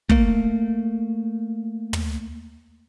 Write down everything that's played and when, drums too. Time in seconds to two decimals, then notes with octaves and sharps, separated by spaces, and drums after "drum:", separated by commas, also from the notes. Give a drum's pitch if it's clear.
0.09 A3 A#3, drum: kick
1.93 drum: tom